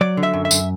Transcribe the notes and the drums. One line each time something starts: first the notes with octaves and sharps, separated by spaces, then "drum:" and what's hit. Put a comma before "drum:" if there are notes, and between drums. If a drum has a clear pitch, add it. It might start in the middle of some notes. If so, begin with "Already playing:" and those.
F#3 D5
D3
E5
F#2
E5
F#2, drum: tambourine